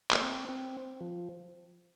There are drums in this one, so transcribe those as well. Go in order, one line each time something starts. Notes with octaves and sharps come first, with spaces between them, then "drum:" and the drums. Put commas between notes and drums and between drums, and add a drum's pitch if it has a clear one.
A#3, drum: clap
C4
C4
F3